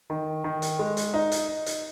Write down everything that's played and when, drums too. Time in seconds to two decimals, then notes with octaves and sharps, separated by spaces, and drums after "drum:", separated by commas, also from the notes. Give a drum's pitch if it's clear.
0.10 D#3
0.44 D#3
0.62 drum: hi-hat
0.79 G#3
0.97 drum: hi-hat
1.14 D#4
1.32 drum: hi-hat
1.66 drum: hi-hat